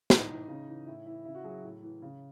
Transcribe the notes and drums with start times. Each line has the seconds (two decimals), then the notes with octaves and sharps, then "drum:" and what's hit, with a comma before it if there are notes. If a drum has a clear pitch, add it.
0.10 A2 D#4, drum: snare
0.29 E3
0.48 C#3
0.68 E3
0.87 A2 E4
1.06 E3 E4
1.25 C#3 E4
1.35 F#4
1.44 F#3 G#4
1.64 A2
1.83 E3
2.02 C#3